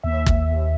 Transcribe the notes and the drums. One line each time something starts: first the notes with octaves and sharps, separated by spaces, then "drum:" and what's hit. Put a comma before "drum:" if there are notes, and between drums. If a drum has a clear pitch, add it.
D#2 E5
drum: kick
D#2